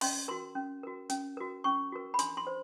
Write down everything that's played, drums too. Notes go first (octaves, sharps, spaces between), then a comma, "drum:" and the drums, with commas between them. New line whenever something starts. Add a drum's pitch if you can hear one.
C#4 C6, drum: open hi-hat
F#4 A#4 C6
C#4
F#4 A#4
C#4, drum: hi-hat
F#4 A#4
C#4 C#6
F#4 A#4
B5
D4 C6, drum: hi-hat
C6
C5